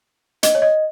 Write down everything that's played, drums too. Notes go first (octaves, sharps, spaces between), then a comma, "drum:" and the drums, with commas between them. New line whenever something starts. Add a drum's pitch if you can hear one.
D#5, drum: hi-hat
C#5
D#5